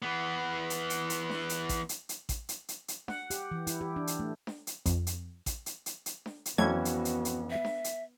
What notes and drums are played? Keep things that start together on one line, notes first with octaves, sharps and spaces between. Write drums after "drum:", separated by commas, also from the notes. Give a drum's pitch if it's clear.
E3 B3
drum: hi-hat
drum: hi-hat
drum: hi-hat
drum: snare D4
drum: hi-hat
drum: kick A1, hi-hat
drum: hi-hat
drum: hi-hat
drum: kick A1, hi-hat
drum: hi-hat
drum: hi-hat
drum: hi-hat
F#5, drum: snare D4
G4, drum: hi-hat
E3
E4, drum: hi-hat
G4
D4
drum: hi-hat
A3
drum: snare D4
drum: hi-hat
F2, drum: kick A1, hi-hat
drum: hi-hat
drum: kick A1, hi-hat
drum: hi-hat
drum: hi-hat
drum: hi-hat
drum: snare D4
drum: hi-hat
F2 E3 F#3 A3 B3 C#4 F#4 G#6
drum: hi-hat
drum: hi-hat
drum: hi-hat
E5
drum: snare D4
drum: hi-hat